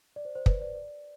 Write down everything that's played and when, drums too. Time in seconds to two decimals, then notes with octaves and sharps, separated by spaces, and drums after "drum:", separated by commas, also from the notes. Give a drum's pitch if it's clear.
0.16 D5
0.25 C5
0.35 C5
0.46 B4, drum: kick
0.61 D5
0.76 D5